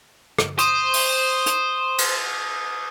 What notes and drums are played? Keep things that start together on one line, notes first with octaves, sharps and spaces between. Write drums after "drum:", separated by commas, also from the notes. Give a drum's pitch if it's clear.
drum: rim click
C5 C#6 D#6, drum: hi-hat
drum: open hi-hat
drum: hi-hat
drum: cymbal